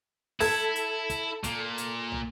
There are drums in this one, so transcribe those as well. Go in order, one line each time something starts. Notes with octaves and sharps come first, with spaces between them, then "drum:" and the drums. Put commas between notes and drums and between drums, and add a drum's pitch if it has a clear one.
E4 A4 G#6, drum: open hi-hat
drum: hi-hat
drum: kick, hi-hat
A#2, drum: kick, hi-hat
drum: hi-hat
drum: tom